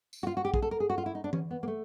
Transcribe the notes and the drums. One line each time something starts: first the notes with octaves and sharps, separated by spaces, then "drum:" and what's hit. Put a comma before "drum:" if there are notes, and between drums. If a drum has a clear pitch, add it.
drum: tambourine
F#4
F4
F#4
G4
G#4, drum: kick
A4
A#4
G#4
F#4
F4
E4
D#4
D4
C#4, drum: tom E3
B3
A#3
A3